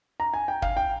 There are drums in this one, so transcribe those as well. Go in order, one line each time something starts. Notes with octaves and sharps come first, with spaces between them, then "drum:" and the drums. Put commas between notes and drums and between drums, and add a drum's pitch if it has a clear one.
A#5
G#5
G5
F5, drum: kick
G5